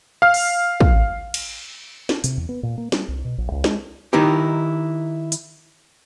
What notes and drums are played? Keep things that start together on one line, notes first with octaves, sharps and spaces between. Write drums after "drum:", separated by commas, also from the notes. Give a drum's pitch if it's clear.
F5 F6
drum: open hi-hat
drum: kick
drum: cymbal
drum: snare
C3, drum: hi-hat
E2
B3
A#2
A#3
G3, drum: snare
C2
B2
A#1
C#2
G#3, drum: snare
D#3 D#4 E4 G4
drum: hi-hat